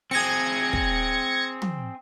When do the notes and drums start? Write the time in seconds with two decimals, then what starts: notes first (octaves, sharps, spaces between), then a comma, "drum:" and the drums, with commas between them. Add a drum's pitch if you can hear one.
0.11 C4 G#4 G#6 A#6 C#7
0.73 drum: kick
1.62 drum: tom